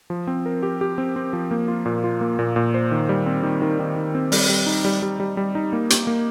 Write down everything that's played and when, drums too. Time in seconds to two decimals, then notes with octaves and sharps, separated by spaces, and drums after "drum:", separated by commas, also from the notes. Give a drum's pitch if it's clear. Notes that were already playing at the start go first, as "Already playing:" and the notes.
0.10 F3
0.27 C4
0.46 A#4
0.63 G4
0.81 G4
0.98 C4
1.16 C4
1.33 F3
1.51 A#3
1.68 F4
1.86 A#2
2.04 F4
2.21 A#3
2.39 A#2
2.56 A#2
2.74 C5
2.91 D#3
3.09 G3
3.26 C4
3.43 D#3
3.62 D#3
3.80 D#3
3.96 D#3
4.15 C4
4.32 G3, drum: open hi-hat
4.49 G3
4.66 D#4
4.85 G3
5.02 G3
5.20 G3
5.37 G3
5.55 D#4
5.73 A#3
5.90 G4, drum: hi-hat
6.07 A#3